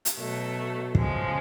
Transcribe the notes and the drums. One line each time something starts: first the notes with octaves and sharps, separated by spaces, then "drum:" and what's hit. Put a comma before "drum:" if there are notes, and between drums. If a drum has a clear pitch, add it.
drum: hi-hat
B2 F#3 A3
C#3 F3 G#3, drum: kick